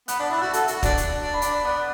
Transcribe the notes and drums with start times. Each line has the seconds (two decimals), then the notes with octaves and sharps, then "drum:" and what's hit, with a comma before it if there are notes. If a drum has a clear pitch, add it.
0.08 B3 F#6, drum: hi-hat
0.20 D4 F#6
0.30 E4 A6
0.38 E6
0.41 F#4 F#6
0.53 A4, drum: hi-hat
0.68 F#4, drum: hi-hat
0.83 D4, drum: kick, hi-hat
0.98 drum: hi-hat
1.20 D4
1.34 B5
1.42 D4 D6, drum: hi-hat
1.64 B3 D5